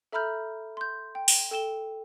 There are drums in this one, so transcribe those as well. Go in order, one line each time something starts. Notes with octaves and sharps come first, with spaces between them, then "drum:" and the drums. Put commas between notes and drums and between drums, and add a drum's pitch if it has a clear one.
A4 E5 A#5 B5 F6 G6
C6 G6
G5
drum: open hi-hat
A4 G5 E7 G7